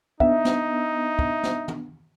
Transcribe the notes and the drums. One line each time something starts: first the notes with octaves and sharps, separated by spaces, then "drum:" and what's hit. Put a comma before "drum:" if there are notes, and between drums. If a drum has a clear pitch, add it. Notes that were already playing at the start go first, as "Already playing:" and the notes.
B3 D4 D#4 E5, drum: kick
drum: snare
drum: kick
drum: snare
drum: tom